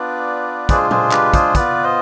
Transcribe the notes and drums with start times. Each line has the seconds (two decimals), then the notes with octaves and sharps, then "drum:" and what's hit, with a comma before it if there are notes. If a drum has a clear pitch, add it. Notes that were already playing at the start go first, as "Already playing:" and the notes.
Already playing: B3 D4 F4 B4 D5
0.69 G#3 D4 F4 G#4 C5, drum: kick, hi-hat
0.91 G#4 C5, drum: tom
1.12 G4 B4, drum: clap
1.34 G#4 C5, drum: kick, hi-hat
1.55 B3 F4 B4 D5, drum: kick, hi-hat
1.83 C5 D#5